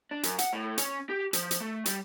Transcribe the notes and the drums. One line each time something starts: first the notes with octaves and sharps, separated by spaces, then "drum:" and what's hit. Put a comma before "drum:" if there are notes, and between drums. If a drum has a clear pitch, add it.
D4
F#2, drum: hi-hat
F#5, drum: hi-hat
A2
C#4, drum: hi-hat
G4
F3, drum: hi-hat
drum: hi-hat
A3
G3, drum: hi-hat